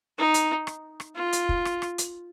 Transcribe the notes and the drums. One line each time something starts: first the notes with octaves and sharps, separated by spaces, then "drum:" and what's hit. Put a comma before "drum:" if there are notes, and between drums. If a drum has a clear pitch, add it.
D#4
drum: hi-hat
drum: rim click
drum: rim click
F4
drum: hi-hat
drum: kick
drum: rim click
drum: rim click
drum: hi-hat